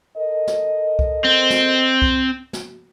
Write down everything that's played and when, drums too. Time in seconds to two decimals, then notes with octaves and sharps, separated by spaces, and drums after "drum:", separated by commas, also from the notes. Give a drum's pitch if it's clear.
0.17 A4 A#4 D#5
0.47 drum: snare
0.99 drum: kick C2
1.25 C4
1.50 drum: snare
2.02 drum: kick C2
2.53 drum: snare